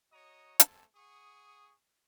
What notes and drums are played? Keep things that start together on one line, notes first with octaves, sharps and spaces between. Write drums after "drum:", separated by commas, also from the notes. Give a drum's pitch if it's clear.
F#4 C#5 D#5 A#5 C#6 D#6
G3 A3 C4 A4 G#5 A5, drum: hi-hat
G#4 F#5 C#6 D#6